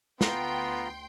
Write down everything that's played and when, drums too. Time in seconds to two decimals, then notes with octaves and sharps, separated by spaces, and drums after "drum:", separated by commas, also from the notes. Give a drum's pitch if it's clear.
0.21 D2 B3 F4 G5 A#5 C6, drum: snare